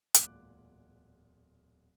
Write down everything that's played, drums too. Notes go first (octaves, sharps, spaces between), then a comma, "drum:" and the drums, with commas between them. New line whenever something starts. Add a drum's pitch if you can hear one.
D1 E2 A#2 G#3 D6 F#6, drum: hi-hat